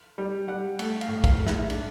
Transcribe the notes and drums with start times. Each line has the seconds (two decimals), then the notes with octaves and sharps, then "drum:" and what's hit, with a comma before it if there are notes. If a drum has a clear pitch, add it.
0.18 G3
0.48 G3 F#5
0.79 A3 F#5, drum: cymbal
1.01 F5, drum: cymbal
1.08 A2
1.24 F5, drum: kick, cymbal
1.40 A2
1.47 E5, drum: snare
1.70 D4, drum: cymbal